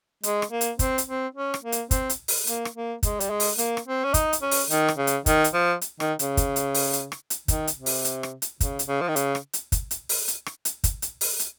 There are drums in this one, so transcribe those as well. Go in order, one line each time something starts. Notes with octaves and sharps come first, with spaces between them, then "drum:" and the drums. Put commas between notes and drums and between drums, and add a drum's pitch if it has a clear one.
G#3, drum: hi-hat
drum: rim click
A#3
drum: hi-hat
C4, drum: kick, hi-hat
drum: hi-hat
C4
C#4
drum: rim click
A#3
drum: hi-hat
C4, drum: kick, hi-hat
drum: hi-hat
drum: open hi-hat
A#3, drum: hi-hat
drum: rim click
A#3
G#3, drum: kick, hi-hat
G3, drum: hi-hat
G#3
drum: open hi-hat
A#3, drum: hi-hat
drum: rim click
C4
C#4
D#4, drum: kick, hi-hat
drum: hi-hat
C#4
drum: open hi-hat
D#3, drum: hi-hat
drum: rim click
C#3
drum: hi-hat
D#3, drum: kick, hi-hat
drum: hi-hat
F3
drum: hi-hat
D#3, drum: rim click
C#3, drum: hi-hat
drum: kick, hi-hat
drum: hi-hat
drum: open hi-hat
drum: hi-hat
drum: rim click
drum: hi-hat
D#3, drum: kick, hi-hat
drum: hi-hat
C3
drum: open hi-hat
drum: hi-hat
drum: rim click
drum: hi-hat
C#3, drum: kick, hi-hat
drum: hi-hat
C#3
F3
D#3
C#3, drum: hi-hat
drum: rim click
drum: hi-hat
drum: kick, hi-hat
drum: hi-hat
drum: open hi-hat
drum: hi-hat
drum: rim click
drum: hi-hat
drum: kick, hi-hat
drum: hi-hat
drum: open hi-hat
drum: hi-hat